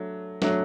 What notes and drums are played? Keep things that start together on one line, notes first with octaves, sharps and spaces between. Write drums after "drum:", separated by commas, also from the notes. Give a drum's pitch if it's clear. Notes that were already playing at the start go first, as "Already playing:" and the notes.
Already playing: F#3 A3 D4
F#3 A3 D4, drum: snare